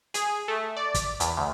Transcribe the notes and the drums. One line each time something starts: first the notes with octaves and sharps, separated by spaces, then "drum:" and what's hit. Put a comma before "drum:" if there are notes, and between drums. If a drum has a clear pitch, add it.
G#4, drum: hi-hat
A3
D5
drum: kick, hi-hat
E2, drum: hi-hat
D2